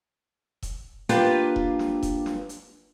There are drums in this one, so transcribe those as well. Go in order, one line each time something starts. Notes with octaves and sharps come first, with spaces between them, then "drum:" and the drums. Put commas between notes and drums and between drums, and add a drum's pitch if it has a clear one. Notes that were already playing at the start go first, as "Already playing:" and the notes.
drum: kick E1, hi-hat
A#3 D4 F4 G4 B4, drum: hi-hat
drum: kick E1
drum: snare
drum: kick E1, hi-hat
drum: snare
drum: hi-hat